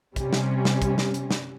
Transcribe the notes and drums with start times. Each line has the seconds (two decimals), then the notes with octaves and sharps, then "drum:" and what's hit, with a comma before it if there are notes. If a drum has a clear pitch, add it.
0.16 C3 G3 C#4, drum: kick, hi-hat
0.33 drum: snare
0.65 drum: snare
0.82 drum: kick, hi-hat
0.98 drum: snare
1.14 drum: hi-hat
1.31 drum: snare